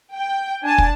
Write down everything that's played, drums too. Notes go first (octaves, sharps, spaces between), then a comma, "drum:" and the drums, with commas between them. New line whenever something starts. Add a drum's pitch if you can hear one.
G5
D4 G#5 A5
drum: kick